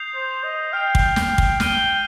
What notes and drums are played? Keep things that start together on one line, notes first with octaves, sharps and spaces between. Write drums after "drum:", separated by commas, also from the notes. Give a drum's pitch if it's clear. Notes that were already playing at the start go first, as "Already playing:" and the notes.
Already playing: D#6 G6 C7 F7
C5
D#5
G5 F6 C7 F7
drum: kick
G5, drum: snare
drum: kick
G5 F6 D#7 G7, drum: snare